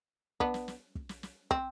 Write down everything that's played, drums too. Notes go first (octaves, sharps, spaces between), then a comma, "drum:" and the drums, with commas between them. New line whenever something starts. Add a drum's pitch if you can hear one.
B3 D4, drum: kick
drum: snare
drum: snare
drum: kick
drum: snare
drum: snare
C4, drum: kick